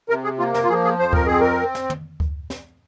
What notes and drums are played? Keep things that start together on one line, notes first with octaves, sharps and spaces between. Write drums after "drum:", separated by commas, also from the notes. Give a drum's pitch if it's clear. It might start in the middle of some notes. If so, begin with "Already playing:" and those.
C3 A#4
G#4
A#3 F4
A#4, drum: snare
F4
F3 G#4
G#4
F2 C5
A#4, drum: kick D2
C4 G#4
A#4
drum: snare
drum: tom
drum: kick D2
drum: snare